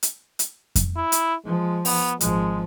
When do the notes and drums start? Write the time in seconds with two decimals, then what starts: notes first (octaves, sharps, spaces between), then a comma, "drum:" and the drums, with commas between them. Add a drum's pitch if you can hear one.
0.03 drum: hi-hat
0.39 drum: hi-hat
0.75 drum: kick F2, hi-hat
0.97 E4
1.12 drum: hi-hat
1.45 F3 G#3
1.85 B3, drum: open hi-hat
2.21 G#1 F3 G#3, drum: hi-hat